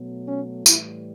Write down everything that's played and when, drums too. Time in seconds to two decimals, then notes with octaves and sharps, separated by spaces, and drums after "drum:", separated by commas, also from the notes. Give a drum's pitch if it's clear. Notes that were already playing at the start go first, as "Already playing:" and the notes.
Already playing: B2 F#3 A3
0.27 C#4
0.66 A2 E3 G3 E4, drum: tambourine